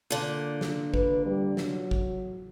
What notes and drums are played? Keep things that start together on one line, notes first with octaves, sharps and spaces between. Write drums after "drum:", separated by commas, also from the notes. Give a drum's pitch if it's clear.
A#2 D3
drum: snare
B4, drum: kick G#1
G3
F#3, drum: snare
drum: kick G#1